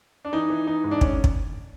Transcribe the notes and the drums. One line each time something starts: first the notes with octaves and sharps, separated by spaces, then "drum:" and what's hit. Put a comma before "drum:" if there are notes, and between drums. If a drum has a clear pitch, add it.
D4
E3 D#4
E3
E3 D#4
G#2
D4
C#4, drum: kick
drum: kick